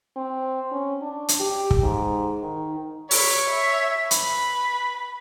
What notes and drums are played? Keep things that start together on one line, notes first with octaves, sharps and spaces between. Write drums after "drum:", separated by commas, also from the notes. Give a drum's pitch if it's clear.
C4
C#4
D4
drum: hi-hat
G4
drum: kick
G#2
D#3
B4 C#5, drum: open hi-hat
E5
B4 B5, drum: hi-hat